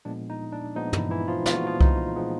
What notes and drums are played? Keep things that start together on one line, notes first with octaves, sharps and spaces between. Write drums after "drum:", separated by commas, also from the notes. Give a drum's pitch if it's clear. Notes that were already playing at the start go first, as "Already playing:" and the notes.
A#2 F3 G#3 B3 D4
D#4
D4
A#2 F3 G#3 B3 D#4
E3 E4, drum: tom
E3 E4
F3 F4
A#2 F3 G#3 B3 F4, drum: snare
F#4
F3 F4
D#4, drum: kick C2
A#2 F3 G#3 B3